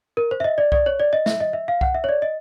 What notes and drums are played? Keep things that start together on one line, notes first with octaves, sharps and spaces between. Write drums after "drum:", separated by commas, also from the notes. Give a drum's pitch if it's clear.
A#4
C5
E5
D#5
D5
D5, drum: kick C2
C#5
D5
D#5
E5, drum: snare
D#5
E5
F5
F#5, drum: kick C2
E5
C#5
D5
D#5